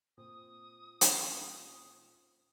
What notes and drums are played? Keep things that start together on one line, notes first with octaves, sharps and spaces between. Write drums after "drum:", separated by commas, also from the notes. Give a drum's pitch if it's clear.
A#2 C4 D#6
drum: hi-hat
C#4 F4 C#5